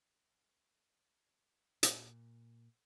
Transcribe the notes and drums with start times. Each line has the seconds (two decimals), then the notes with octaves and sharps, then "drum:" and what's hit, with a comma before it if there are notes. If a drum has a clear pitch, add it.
1.83 A#2, drum: hi-hat